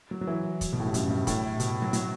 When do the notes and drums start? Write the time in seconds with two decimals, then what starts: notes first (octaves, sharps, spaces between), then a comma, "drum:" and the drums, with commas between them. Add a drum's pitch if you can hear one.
0.11 F#3
0.21 F#3
0.27 E3
0.61 drum: kick, hi-hat
0.73 B2
0.80 A2
0.86 G2
0.94 F#2, drum: hi-hat
1.11 G2
1.27 A2, drum: kick, hi-hat
1.60 B2, drum: hi-hat
1.82 F#3
1.93 F#3, drum: hi-hat